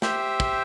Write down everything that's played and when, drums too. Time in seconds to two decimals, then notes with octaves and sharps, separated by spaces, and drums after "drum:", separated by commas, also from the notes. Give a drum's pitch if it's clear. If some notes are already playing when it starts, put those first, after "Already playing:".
0.02 G4 C5 E5 G5, drum: snare
0.40 drum: kick